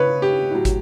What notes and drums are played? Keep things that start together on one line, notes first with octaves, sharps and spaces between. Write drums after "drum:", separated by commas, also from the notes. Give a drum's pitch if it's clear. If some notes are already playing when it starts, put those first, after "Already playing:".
Already playing: C#3 B4 C#5
G4
A2 F#3
drum: kick, hi-hat